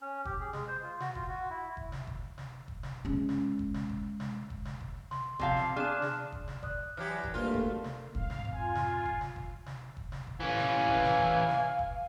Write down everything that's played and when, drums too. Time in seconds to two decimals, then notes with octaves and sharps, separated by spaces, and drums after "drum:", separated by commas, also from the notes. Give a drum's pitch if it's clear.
0.01 C#4
0.25 G4, drum: kick F#1
0.40 G#4
0.53 G#3, drum: snare
0.68 C5
0.83 F4
1.00 F#4, drum: snare
1.15 F4, drum: kick F#1
1.28 F#4
1.50 E4
1.77 drum: kick F#1
1.92 drum: snare
2.07 drum: kick F#1
2.38 drum: snare
2.68 drum: kick F#1
2.83 drum: snare
3.05 G#3 C#4
3.29 drum: snare
3.59 drum: kick F#1
3.74 drum: snare
3.89 drum: kick F#1
4.20 drum: snare
4.50 drum: kick F#1
4.65 drum: snare
4.81 drum: kick F#1
5.11 C6, drum: snare
5.39 C3 F3 F5, drum: kick F#1
5.56 drum: snare
5.76 D4 G#4 F6 F#6 E7
6.02 drum: snare
6.32 drum: kick F#1
6.48 drum: snare
6.63 D5 D#6 F#6, drum: kick F#1
6.97 E3 F#3 G4 F6 F#6 G#6
7.23 drum: kick F#1
7.34 D2 G2 A3 A#3 F4 A#4
7.54 drum: kick F#1
7.84 drum: snare
8.15 F2 G#2 F5, drum: kick F#1
8.30 drum: snare
8.45 drum: kick F#1
8.54 F4 G#5
8.75 drum: snare
9.06 drum: kick F#1
9.21 drum: snare
9.36 drum: kick F#1
9.66 drum: snare
9.97 drum: kick F#1
10.12 drum: snare
10.27 drum: kick F#1
10.40 E3 C#4 F5 G#5
10.57 drum: snare
10.88 drum: kick F#1
11.03 drum: snare
11.18 drum: kick F#1
11.49 drum: snare
11.79 drum: kick F#1